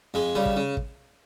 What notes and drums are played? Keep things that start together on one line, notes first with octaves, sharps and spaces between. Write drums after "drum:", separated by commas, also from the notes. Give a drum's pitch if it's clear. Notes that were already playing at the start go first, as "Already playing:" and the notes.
F2 G#3
C#3 G3
drum: kick
C#3
drum: kick